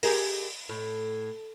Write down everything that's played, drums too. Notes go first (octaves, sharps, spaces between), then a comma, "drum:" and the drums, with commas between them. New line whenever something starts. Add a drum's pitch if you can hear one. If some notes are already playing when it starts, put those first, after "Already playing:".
G4 G#4 A#4, drum: open hi-hat
A2